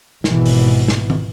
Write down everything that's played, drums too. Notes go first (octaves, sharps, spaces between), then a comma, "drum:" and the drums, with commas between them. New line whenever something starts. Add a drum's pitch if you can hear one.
G#1 B2 E3, drum: snare
drum: open hi-hat
drum: snare
drum: tom D#3